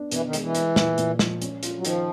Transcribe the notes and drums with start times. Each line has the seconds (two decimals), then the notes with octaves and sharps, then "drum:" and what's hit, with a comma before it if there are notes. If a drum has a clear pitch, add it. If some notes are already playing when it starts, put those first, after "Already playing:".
Already playing: B3 D4
0.11 B2 E3, drum: hi-hat
0.26 D#3
0.33 G#3, drum: hi-hat
0.41 E3
0.55 G#3, drum: hi-hat
0.76 A#2, drum: snare
0.98 A#2, drum: hi-hat
1.19 F3, drum: snare
1.42 C#4, drum: hi-hat
1.63 F4, drum: hi-hat
1.78 F#3
1.85 D#3 F3, drum: hi-hat